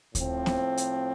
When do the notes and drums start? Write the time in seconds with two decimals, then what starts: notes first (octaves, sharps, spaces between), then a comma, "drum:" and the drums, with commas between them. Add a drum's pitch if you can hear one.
0.15 A2 F3 C4, drum: kick D2, hi-hat
0.46 drum: snare B3
0.77 drum: hi-hat